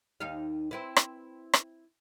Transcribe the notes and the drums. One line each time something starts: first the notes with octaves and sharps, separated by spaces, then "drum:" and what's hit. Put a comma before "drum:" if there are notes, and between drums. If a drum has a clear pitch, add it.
D#2 D#4 F5
C4 E4 B4
drum: rim click
drum: rim click